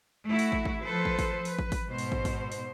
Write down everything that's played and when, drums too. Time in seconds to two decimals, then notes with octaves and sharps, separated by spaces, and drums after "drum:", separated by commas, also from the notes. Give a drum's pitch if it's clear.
0.27 A3 E4 F#4
0.39 drum: open hi-hat
0.52 drum: kick
0.65 drum: kick
0.84 F3 A4 B4 C5
1.05 drum: kick
1.19 drum: kick, open hi-hat
1.45 B4, drum: open hi-hat
1.59 drum: kick
1.72 drum: kick, open hi-hat
1.88 G#2 B2 C5
1.98 drum: open hi-hat
2.12 drum: kick
2.25 drum: kick, open hi-hat
2.52 drum: open hi-hat